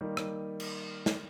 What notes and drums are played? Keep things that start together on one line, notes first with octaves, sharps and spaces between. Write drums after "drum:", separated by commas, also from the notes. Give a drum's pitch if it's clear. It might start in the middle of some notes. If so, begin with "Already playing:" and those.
D#3 G3 A#3
drum: rim click
drum: cymbal
drum: snare